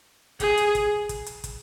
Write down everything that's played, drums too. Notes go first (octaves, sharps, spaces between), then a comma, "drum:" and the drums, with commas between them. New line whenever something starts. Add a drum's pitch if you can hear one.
G#4, drum: kick, hi-hat
drum: hi-hat
drum: kick, hi-hat
drum: kick, hi-hat
drum: hi-hat
drum: kick, hi-hat